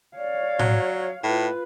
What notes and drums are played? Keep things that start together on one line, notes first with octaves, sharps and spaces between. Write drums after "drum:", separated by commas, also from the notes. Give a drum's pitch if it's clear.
C#5 D5 F5
F#3, drum: tom A2
A2 F4 B4